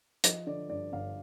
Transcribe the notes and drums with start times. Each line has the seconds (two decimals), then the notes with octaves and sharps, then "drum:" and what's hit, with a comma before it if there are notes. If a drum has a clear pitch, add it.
0.24 F3 D#5, drum: hi-hat
0.47 D3 D5
0.69 G2 D5
0.92 G1 F5